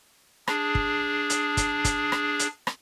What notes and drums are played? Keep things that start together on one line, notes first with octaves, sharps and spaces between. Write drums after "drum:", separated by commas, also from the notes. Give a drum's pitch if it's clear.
D4 G#4, drum: rim click
drum: kick
drum: hi-hat
drum: kick, hi-hat
drum: kick, hi-hat
drum: rim click
drum: hi-hat
drum: rim click